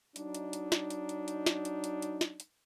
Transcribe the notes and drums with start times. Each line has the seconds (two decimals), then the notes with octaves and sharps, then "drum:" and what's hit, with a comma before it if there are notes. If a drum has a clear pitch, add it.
0.16 F#3 D4 D#4, drum: hi-hat
0.35 drum: hi-hat
0.53 drum: hi-hat
0.72 drum: snare
0.90 drum: hi-hat
1.09 drum: hi-hat
1.28 drum: hi-hat
1.46 drum: snare
1.65 drum: hi-hat
1.84 drum: hi-hat
2.02 drum: hi-hat
2.21 drum: snare
2.40 drum: hi-hat